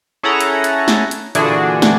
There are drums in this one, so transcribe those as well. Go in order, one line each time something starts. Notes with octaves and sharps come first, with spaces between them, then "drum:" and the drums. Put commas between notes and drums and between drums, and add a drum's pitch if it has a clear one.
C#4 E4 G#4 A4 F#5 A#5
drum: hi-hat
drum: hi-hat
drum: snare
drum: hi-hat
A#2 D3 E3 D4 F#4 G#4, drum: hi-hat
drum: snare